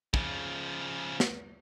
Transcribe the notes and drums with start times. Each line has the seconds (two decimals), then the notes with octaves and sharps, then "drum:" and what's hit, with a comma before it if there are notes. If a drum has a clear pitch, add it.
0.14 C#3 F3, drum: kick
1.20 drum: snare